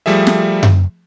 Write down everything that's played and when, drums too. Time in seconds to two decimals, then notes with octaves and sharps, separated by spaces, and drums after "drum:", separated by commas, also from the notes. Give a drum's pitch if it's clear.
0.06 F3 G3 A3 G#4 E5
0.27 drum: snare
0.63 drum: tom F#2